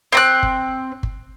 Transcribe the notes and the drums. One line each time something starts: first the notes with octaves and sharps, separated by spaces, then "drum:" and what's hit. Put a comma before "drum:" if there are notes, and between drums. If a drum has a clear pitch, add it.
C4 A#5 F#6
drum: kick G1
drum: kick G1